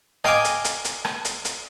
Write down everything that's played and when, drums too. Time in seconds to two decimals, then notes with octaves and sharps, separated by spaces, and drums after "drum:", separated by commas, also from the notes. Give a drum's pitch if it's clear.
0.24 D#5 F5 G5 G#5 D6, drum: rim click
0.44 drum: hi-hat
0.64 drum: hi-hat
0.85 drum: hi-hat
1.05 drum: rim click
1.25 drum: hi-hat
1.45 drum: hi-hat